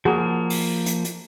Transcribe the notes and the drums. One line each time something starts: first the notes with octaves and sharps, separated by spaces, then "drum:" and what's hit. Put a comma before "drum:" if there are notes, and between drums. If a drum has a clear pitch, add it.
F3 A#3 F#4 G#4
drum: open hi-hat
drum: hi-hat
drum: hi-hat